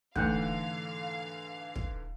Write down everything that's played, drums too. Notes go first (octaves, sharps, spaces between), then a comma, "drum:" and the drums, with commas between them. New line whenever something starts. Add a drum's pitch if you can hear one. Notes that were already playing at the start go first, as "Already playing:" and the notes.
G#2 D3 E3 G#3 A3 F5 F#5, drum: kick
drum: kick